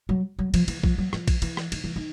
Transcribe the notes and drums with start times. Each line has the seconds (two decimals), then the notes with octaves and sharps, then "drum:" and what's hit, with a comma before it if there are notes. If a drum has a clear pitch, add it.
0.09 F#3
0.39 F#3
0.54 F3, drum: cymbal
0.68 E3, drum: cymbal
0.83 F3, drum: kick A#1
0.98 F#3
1.13 F3, drum: rim click
1.28 drum: kick A#1, cymbal
1.42 E3, drum: cymbal
1.57 drum: rim click
1.72 D#3, drum: cymbal
1.84 E3
1.96 D#3